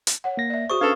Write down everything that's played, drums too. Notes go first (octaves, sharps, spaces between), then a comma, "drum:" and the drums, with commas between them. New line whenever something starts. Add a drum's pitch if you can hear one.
drum: hi-hat
C#5 F#5
A#3 A#6
D5 E5
F#4 G#4 C5 C#6 D#6
C#4 D4 A4 B4 F5